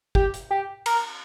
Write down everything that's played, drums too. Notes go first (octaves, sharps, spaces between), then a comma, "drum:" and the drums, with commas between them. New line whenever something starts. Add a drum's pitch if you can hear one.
G4, drum: kick
drum: hi-hat
G4
A#4, drum: cymbal